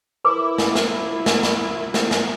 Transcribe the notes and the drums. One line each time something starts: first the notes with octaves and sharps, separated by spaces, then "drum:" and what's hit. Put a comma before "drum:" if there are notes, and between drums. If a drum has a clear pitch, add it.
E4 A#4 B4 D6
drum: snare
drum: snare
drum: snare
drum: snare
drum: snare
drum: snare